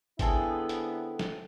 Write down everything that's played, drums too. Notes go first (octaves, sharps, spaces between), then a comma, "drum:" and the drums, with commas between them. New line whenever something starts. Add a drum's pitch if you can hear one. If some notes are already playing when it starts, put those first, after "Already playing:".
D3 B3 C4 E4 G#4 A4, drum: kick G#1, hi-hat
drum: hi-hat
drum: snare